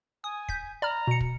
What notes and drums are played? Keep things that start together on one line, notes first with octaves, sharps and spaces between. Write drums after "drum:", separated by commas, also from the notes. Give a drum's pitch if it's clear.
G#5 D#6
G6 B6, drum: kick
D5 A#5 B5 F6
B2 C#7
drum: kick